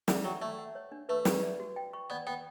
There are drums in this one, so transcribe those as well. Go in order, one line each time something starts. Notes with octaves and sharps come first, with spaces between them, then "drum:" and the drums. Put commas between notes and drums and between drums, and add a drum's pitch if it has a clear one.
D3 E5, drum: snare
F#3 G5
A3 D5
F#5
C#5
D4
A3 B4
D5, drum: snare
D5
F#4
G5
C#6
B3 D5
B3 G5